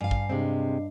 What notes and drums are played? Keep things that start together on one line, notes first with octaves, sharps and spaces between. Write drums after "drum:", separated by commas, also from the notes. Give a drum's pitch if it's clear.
G2 F5 G#5
drum: kick A1
C3 G#3 C4 D4 D#5